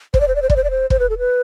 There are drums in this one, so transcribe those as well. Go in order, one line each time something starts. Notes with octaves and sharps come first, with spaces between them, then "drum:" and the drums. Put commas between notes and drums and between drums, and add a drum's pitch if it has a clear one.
C5, drum: kick
D5
C5
D5
C5
D5, drum: kick
C5
D5
C5
C5, drum: kick
B4
A4
B4